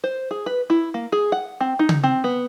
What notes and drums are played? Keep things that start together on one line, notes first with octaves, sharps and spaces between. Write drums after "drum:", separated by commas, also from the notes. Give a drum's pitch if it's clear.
C5
G#4
B4
E4
A#3
G#4
F#5
C4
D#4
drum: tom C#3
C4
B3